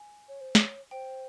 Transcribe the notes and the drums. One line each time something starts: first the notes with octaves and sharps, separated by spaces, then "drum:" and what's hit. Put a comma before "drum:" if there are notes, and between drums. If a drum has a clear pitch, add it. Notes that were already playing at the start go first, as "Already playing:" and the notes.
Already playing: G#5
C#5
C5
C#5, drum: snare
C5 G5